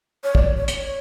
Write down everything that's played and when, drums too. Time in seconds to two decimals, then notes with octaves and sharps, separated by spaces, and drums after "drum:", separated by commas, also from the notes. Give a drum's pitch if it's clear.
0.24 C#5
0.35 D5, drum: kick
0.57 C#5
0.68 drum: hi-hat
0.79 C#5